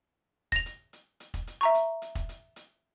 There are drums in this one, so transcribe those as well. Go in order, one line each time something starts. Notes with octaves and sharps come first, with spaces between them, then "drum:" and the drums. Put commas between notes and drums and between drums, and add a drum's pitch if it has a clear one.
A#6 F7, drum: kick, hi-hat
drum: hi-hat
drum: hi-hat
drum: hi-hat
drum: kick, hi-hat
drum: hi-hat
E5 A#5 C#6
drum: hi-hat
drum: hi-hat
drum: kick, hi-hat
drum: hi-hat
drum: hi-hat